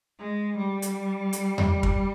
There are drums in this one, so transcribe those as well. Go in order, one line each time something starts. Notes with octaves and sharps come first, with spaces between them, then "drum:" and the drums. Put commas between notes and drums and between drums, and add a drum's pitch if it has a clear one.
G#3
G3
drum: hi-hat
drum: hi-hat
drum: tom E2
drum: kick